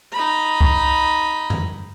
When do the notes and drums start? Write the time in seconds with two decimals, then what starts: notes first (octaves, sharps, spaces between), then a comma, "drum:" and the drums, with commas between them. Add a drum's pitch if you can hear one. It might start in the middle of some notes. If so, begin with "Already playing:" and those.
0.13 D#4 B5
0.61 drum: kick C2
1.50 drum: tom F2